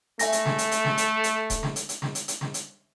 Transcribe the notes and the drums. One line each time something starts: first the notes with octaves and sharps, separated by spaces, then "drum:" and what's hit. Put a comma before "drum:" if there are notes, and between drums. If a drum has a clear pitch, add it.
A3 E5 G#5 A#6, drum: hi-hat
drum: hi-hat
drum: snare
drum: hi-hat
drum: hi-hat
drum: snare
drum: hi-hat
drum: hi-hat
drum: kick D#1, hi-hat
drum: snare
drum: hi-hat
drum: hi-hat
drum: snare
drum: hi-hat
drum: hi-hat
drum: snare
drum: hi-hat